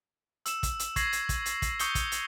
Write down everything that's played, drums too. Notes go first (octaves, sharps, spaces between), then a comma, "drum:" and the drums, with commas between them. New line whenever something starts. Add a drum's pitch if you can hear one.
E6 E7, drum: hi-hat
drum: kick, hi-hat
drum: hi-hat
C#6 G#6 A#6 C7 F#7, drum: kick, hi-hat
drum: hi-hat
drum: kick, hi-hat
drum: hi-hat
drum: kick, hi-hat
C#6 D#6 G6 C#7 G7, drum: hi-hat
drum: kick, hi-hat
drum: hi-hat